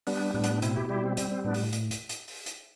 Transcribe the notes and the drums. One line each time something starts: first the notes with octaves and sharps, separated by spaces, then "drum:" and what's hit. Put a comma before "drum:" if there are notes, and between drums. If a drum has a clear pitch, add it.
G3 B3 D4, drum: open hi-hat
A2 B3 D4
drum: hi-hat
B2 C4 E4, drum: hi-hat
E4 G4
G3 E4 G4
C4
G3 C4, drum: hi-hat
C4
A2 B3 D4
drum: open hi-hat
drum: hi-hat
drum: hi-hat
drum: hi-hat
drum: open hi-hat
drum: hi-hat